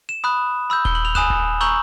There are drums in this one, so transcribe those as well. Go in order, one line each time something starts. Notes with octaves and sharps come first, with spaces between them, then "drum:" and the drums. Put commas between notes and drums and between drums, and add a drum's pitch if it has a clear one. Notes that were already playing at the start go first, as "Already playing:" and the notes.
E7
B5 D#6 F#6
B5 E6 G6
G7, drum: kick D#1
F#7
F7
G#5 B5 D#6 F#6 E7, drum: tom C#2
drum: kick D#1
A#5 C#6 E6 G6 F#7